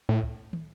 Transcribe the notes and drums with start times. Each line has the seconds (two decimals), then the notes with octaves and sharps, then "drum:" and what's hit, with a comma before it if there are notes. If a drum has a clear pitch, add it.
0.09 A2
0.23 drum: kick
0.53 drum: tom